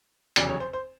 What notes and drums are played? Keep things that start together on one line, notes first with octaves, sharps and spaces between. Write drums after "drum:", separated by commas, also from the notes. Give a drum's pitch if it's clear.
F1 E2 C#3 F#3 D5, drum: hi-hat
C#5
C5
C5